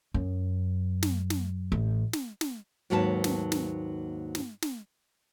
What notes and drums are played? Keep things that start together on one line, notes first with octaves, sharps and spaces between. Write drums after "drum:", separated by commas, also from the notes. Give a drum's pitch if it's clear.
F#2
drum: snare
drum: snare
A1
drum: snare
drum: snare
D#2 G#2 F#3 A#3 B4 A5
drum: snare
drum: snare
drum: snare
drum: snare